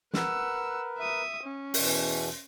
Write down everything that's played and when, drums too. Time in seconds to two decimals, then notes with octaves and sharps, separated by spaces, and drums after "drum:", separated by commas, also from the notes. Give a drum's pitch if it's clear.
0.13 A#4 B4 F#5 E6, drum: snare
0.98 E5 D#6
1.43 C#4
1.74 E2 B2 E3, drum: open hi-hat